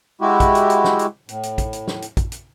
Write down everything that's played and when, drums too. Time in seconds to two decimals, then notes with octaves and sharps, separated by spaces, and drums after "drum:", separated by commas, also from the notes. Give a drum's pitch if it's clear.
0.21 G#3 E4 F#4 G4
0.40 drum: kick, hi-hat
0.55 drum: hi-hat
0.70 drum: hi-hat
0.84 drum: snare
0.99 drum: hi-hat
1.29 A2, drum: hi-hat
1.43 drum: hi-hat
1.58 drum: kick, hi-hat
1.73 drum: hi-hat
1.88 drum: snare
2.02 drum: hi-hat
2.17 drum: kick, hi-hat
2.32 drum: hi-hat